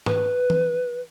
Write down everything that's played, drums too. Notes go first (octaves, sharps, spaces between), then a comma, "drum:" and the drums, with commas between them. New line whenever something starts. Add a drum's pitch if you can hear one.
B4, drum: tom
drum: tom E3